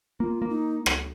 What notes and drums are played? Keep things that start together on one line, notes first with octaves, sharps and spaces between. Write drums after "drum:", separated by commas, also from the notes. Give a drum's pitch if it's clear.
A#3 F4
A#3
D#4
drum: rim click